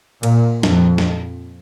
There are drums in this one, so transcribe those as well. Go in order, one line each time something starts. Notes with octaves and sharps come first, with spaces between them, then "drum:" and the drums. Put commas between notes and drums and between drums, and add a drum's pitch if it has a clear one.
A#2, drum: cymbal
F2, drum: snare
drum: snare